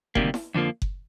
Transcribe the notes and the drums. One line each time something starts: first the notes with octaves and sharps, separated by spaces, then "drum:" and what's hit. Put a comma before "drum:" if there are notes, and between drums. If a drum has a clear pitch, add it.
D2 C3 D#3 G3 A#3, drum: kick F#1
drum: snare E4
F2 D3 F3 A#3
drum: kick F#1